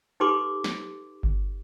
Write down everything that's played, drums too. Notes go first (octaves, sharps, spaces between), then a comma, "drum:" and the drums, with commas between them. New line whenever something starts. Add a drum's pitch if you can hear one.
D#4 G4 A4 B4 C6 D6
drum: snare
drum: kick G1